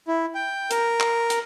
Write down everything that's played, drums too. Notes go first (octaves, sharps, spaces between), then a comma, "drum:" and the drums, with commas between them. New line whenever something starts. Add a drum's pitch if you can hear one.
E4
G5
A#4, drum: hi-hat
drum: clap
drum: hi-hat